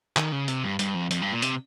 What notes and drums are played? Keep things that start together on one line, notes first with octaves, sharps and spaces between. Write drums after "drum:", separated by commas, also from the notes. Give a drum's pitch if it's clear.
D#3, drum: clap
C#3
C3, drum: hi-hat
G2
G2, drum: hi-hat
F2
F2, drum: hi-hat
G2
A#2
C3, drum: hi-hat